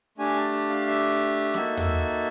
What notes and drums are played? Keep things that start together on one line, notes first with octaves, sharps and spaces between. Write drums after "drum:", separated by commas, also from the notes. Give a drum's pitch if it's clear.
A3 D4 G4 G#5
A5
A5
F5
E5
A#3 D#4 F#4 A4, drum: snare C#4
drum: tom E2